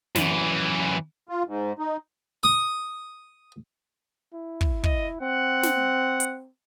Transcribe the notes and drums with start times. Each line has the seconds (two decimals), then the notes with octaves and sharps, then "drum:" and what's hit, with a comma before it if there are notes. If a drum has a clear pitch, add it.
0.15 F#2 E3, drum: snare
1.29 F4
1.47 G#2
1.79 D#4
2.43 D#6
4.33 E4
4.61 drum: kick
4.84 D#5, drum: kick
5.21 C4 F#5
5.63 drum: snare
6.20 drum: hi-hat